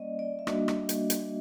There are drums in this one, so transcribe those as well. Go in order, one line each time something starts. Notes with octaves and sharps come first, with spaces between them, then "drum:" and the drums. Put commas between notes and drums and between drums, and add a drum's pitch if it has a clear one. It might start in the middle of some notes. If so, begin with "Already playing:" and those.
Already playing: G3 A#3 C#4 D5 D#5
D5
E5
G3 A#3 D4 F#4 D#5, drum: rim click
drum: rim click
drum: hi-hat
drum: hi-hat